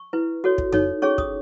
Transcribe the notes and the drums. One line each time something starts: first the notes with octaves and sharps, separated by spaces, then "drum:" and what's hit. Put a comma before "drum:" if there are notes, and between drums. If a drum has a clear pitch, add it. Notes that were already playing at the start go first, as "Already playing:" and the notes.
Already playing: C#6
E4 B4
F#4 A4 C#5
drum: kick
D#4 A4 C#5, drum: tom F2
C#4 G#4 C#5 C#6
D#6, drum: kick